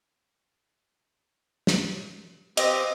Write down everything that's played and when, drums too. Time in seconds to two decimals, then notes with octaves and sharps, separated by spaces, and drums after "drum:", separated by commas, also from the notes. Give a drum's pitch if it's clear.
1.67 drum: snare
2.57 C4 G4 D#5, drum: cymbal